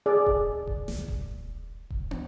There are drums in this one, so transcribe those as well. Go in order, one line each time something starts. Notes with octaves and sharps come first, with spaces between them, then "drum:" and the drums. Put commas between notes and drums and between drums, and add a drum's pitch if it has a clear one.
G#4 D5
drum: kick D#1
drum: kick D#1
drum: snare D#1
drum: kick D#1
drum: kick D#1
drum: tom